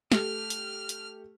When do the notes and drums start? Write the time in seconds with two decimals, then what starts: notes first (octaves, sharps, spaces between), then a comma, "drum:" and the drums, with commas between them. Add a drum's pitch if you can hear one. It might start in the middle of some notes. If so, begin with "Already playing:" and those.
0.12 A3 G4 F6, drum: snare
0.50 drum: hi-hat
0.89 drum: hi-hat